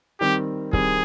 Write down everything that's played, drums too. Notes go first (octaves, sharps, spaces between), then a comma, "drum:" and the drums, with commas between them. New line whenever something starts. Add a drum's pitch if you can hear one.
D#3 G3 C4 G4
D#3 G3 C4 G#4, drum: kick